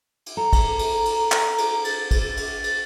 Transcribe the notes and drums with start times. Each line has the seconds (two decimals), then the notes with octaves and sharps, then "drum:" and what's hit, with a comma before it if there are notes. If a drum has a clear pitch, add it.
0.26 drum: cymbal
0.37 A4 A#5
0.53 drum: kick, cymbal
0.79 drum: cymbal
1.05 drum: cymbal
1.32 drum: clap
1.58 drum: cymbal
1.84 A6, drum: cymbal
2.11 drum: kick, cymbal
2.37 drum: cymbal
2.64 drum: cymbal